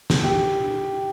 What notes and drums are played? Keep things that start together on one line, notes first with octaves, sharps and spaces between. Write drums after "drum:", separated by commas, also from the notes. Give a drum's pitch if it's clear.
drum: snare
G4